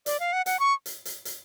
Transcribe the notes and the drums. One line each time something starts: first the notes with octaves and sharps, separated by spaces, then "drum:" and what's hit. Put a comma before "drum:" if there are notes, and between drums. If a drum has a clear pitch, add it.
D5, drum: hi-hat
F5
F#5
F#5, drum: hi-hat
C#6
drum: hi-hat
drum: hi-hat
drum: hi-hat